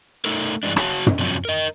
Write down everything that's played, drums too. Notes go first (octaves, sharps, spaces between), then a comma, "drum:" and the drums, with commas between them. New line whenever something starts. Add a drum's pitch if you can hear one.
A3 D#4 A4 A#4
G2 E3 G#3 D4
F#4 C#5 A5, drum: rim click
drum: tom
C3 F3 F#3 C#4
A#4 D#5